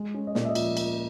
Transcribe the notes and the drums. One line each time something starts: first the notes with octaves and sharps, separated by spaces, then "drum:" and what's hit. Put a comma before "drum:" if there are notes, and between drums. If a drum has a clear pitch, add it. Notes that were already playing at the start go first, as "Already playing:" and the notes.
Already playing: G#3
C#4
D#5
A#2 D5, drum: snare
E5
D#5
F3, drum: cymbal
drum: cymbal